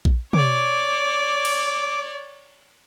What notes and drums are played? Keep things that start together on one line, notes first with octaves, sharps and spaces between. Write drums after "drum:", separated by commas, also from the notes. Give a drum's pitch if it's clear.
drum: kick A#1
C#5 D5 D6, drum: tom
drum: cymbal